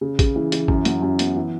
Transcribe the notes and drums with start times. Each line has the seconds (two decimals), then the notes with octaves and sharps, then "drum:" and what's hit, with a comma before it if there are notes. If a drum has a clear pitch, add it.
0.01 C#3
0.19 C#3, drum: kick A1, hi-hat
0.36 E3
0.52 E3, drum: hi-hat
0.68 F#2, drum: kick A1
0.85 F#3, drum: hi-hat
1.02 F#2
1.19 B3, drum: hi-hat
1.36 E3